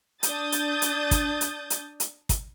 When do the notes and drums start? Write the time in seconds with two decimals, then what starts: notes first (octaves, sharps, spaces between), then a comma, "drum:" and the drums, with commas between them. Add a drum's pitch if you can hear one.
0.23 D4 D#6 G6 A6, drum: hi-hat
0.52 drum: hi-hat
0.82 drum: hi-hat
1.11 drum: kick, hi-hat
1.41 drum: hi-hat
1.70 drum: hi-hat
2.00 drum: hi-hat
2.29 drum: kick, hi-hat